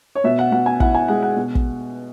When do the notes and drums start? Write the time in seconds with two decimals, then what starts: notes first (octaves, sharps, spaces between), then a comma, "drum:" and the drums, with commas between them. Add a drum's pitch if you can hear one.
0.15 C#5
0.24 B2 E5
0.39 F#5
0.52 B2 F#5
0.66 G#5
0.80 E4 F#5, drum: kick
0.94 G#5
1.08 G#3 F#5
1.22 F#5
1.36 B2
1.55 drum: kick